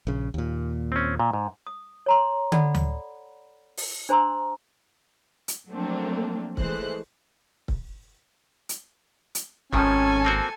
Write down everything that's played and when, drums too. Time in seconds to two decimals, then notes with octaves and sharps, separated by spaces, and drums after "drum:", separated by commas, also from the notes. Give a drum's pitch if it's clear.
0.07 A#1 C#3
0.34 D#2 A#2
0.92 C4 C#4
1.20 A#2
1.33 G#2
1.67 D#6
2.06 C#5 A#5 C6
2.52 A4 D5 F#5 B5, drum: tom
2.75 drum: tom D2
3.77 drum: open hi-hat
4.09 D4 C5 G#5 A#5 C6 E6
5.48 drum: hi-hat
5.70 F3 F#3 A3 A#3 C4 D4
6.57 E3 G#3 A3 C5 F#6, drum: kick C#1
7.68 drum: kick C#1
8.69 drum: hi-hat
9.35 drum: hi-hat
9.73 G#1 C3 D#3 F3 C#4 A4 G#5, drum: kick C#1
10.25 A#3 C4 F#4